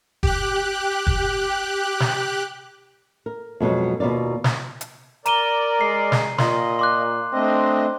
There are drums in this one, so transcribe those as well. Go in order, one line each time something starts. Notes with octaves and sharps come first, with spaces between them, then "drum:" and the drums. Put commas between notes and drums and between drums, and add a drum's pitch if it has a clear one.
G4 F#6, drum: kick
drum: kick
drum: snare
A#4
F2 B2 F#3 G#3
D#2 B2 F4 A#4 D5
drum: snare
drum: hi-hat
A#4 D5 A#5 D#7 G7, drum: hi-hat
G#3 C7
drum: snare
A#2 F4 D#5 C6, drum: snare
C6 D6 F#6
A3 C4 D4 D#5